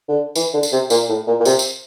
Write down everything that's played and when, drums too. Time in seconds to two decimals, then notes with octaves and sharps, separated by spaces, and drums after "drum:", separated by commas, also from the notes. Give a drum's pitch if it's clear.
0.08 D3
0.36 E3, drum: tambourine
0.54 D3
0.63 drum: tambourine
0.72 C3
0.90 A#2, drum: tambourine
1.09 A2
1.27 A#2
1.40 A#2
1.45 C3, drum: tambourine
1.59 drum: tambourine